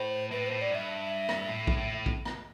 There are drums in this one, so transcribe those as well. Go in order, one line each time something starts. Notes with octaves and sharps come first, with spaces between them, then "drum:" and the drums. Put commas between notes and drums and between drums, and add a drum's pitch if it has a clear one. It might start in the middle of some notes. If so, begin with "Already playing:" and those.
Already playing: A2 C5
A2 B4
A2 C5
D5
G2 E5
drum: rim click
A2
drum: kick
A2
drum: kick
drum: rim click